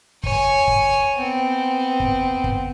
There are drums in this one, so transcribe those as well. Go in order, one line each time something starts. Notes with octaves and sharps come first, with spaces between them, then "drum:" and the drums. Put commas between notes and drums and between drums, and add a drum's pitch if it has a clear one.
C#5 G#5, drum: kick
drum: kick
B3 C4
drum: kick
drum: kick